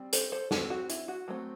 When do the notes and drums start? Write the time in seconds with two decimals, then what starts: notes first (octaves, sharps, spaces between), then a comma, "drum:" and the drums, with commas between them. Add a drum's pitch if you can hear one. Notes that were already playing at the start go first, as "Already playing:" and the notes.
Already playing: G3 C4
0.13 A4 C5, drum: hi-hat
0.32 A4 C5
0.51 F#3 C4 F#4 A4, drum: snare
0.70 F#4
0.90 E4, drum: hi-hat
1.08 F#4
1.28 F#3 A3 C4